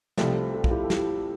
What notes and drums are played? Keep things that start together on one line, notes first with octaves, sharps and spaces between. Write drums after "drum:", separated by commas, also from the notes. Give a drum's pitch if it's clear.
C2 C3 F3 A3 A4 C5, drum: snare
F4 A4
F4, drum: kick
E4 G4
A4
E4 G4, drum: snare